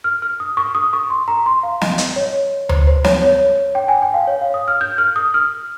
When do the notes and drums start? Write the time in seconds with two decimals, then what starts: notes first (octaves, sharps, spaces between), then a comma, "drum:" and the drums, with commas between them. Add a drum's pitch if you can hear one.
0.04 F6
0.22 F6
0.40 D#6
0.57 C#6
0.75 D#6
0.93 C#6
1.10 C6
1.28 A#5
1.46 C6
1.63 F5
1.81 D#5, drum: snare
1.98 D#5, drum: hi-hat
2.16 C#5
2.69 C5, drum: tom D2
2.87 C5
3.04 C#5, drum: snare
3.22 C#5
3.75 G5
3.88 G#5
4.02 G5
4.14 F5
4.27 C#5
4.41 F5
4.54 D#6
4.68 F6
4.81 G6
4.98 F6
5.16 D#6
5.34 F6